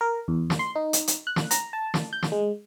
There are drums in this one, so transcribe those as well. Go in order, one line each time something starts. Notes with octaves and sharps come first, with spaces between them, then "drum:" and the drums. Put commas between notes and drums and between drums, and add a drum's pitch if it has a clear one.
A#4
E2
drum: snare
C6
D#4
drum: hi-hat
drum: hi-hat
F#6
drum: snare
A#5, drum: hi-hat
A5
drum: snare
G6
drum: snare
G#3